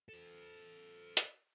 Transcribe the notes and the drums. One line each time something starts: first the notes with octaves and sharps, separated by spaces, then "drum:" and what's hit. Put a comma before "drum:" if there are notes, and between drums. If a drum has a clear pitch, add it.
A4 C5
drum: hi-hat